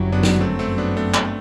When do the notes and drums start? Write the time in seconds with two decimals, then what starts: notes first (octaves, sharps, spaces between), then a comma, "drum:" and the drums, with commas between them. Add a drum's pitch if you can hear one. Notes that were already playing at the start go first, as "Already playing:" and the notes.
Already playing: G1 F#2 F#3 E4 G4
0.12 B3 D4
0.23 drum: snare
0.40 A3 C4
0.59 A3 C4
0.78 B3 D4
0.97 A3 C4
1.14 drum: clap
1.25 A3